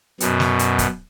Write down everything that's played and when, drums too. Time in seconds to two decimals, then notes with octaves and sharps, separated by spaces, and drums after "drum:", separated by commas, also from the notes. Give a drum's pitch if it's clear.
0.20 F#2 B2, drum: hi-hat
0.40 drum: snare
0.59 drum: hi-hat
0.79 drum: kick, hi-hat